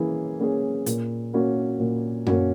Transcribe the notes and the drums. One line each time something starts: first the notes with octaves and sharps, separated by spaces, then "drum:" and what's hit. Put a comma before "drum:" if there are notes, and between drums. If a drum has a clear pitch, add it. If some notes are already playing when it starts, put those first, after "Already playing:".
Already playing: E3 A#3 C#4 G#4
A#3 C#4 G#4
A#2, drum: hi-hat
A#3 C#4 F#4
A#2
A#3 C#4 F#4, drum: tom F#2